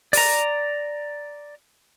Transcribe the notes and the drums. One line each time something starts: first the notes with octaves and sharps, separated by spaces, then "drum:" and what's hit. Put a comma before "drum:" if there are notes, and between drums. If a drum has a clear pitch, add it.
D5 A#5, drum: open hi-hat